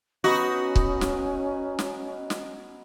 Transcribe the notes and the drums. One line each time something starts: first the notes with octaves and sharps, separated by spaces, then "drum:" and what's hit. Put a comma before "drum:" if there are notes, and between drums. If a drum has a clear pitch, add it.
B3 C#4 D#4 F#4
drum: kick C#1
drum: snare
drum: snare
drum: snare